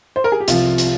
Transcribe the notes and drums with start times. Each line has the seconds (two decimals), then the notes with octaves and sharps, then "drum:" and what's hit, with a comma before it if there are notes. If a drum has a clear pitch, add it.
0.16 C5
0.24 A#4
0.32 G#4
0.40 G4
0.48 C2 C3 F3 F4, drum: hi-hat
0.78 drum: hi-hat